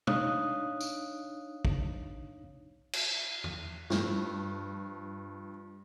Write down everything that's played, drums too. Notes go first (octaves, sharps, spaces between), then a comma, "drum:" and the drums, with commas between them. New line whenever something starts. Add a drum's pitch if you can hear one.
D4 D#4 C#5 F5 D#6 F#6, drum: tom
drum: tambourine
drum: kick
drum: cymbal
drum: tom E2
G2 F3, drum: snare